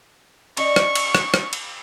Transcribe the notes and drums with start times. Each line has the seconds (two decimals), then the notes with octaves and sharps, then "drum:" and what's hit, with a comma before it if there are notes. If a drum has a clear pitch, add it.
0.57 C#4 D5 D#5 C#6, drum: cymbal
0.76 drum: rim click
0.95 drum: cymbal
1.15 drum: rim click
1.34 drum: rim click
1.53 drum: cymbal